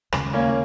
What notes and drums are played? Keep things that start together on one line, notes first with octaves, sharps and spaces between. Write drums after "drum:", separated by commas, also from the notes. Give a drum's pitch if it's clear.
D#2 C#3 G#3, drum: rim click
A#3 C#4
A#3